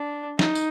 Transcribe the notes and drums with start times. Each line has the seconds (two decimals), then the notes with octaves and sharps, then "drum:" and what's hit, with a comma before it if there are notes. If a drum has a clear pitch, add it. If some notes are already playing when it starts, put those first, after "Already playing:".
Already playing: D4
0.39 D#4, drum: snare
0.55 drum: tambourine